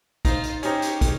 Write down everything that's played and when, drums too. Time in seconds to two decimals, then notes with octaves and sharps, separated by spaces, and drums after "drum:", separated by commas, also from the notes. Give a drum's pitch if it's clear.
0.25 D#4 F4 C5, drum: kick, hi-hat
0.43 drum: hi-hat
0.63 C#4 D#4 G4 C5 C#5, drum: hi-hat
0.82 drum: hi-hat
1.01 drum: kick, hi-hat